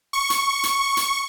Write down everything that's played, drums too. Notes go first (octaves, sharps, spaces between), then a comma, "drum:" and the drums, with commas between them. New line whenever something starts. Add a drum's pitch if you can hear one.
C#6
drum: hi-hat
drum: hi-hat
drum: hi-hat